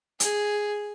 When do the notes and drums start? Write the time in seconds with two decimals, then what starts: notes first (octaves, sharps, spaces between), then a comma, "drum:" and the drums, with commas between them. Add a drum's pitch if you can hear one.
0.20 G#4, drum: hi-hat